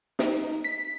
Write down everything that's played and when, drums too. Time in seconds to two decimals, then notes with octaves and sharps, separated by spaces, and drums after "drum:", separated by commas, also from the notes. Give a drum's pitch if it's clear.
0.19 D#4, drum: snare
0.64 B6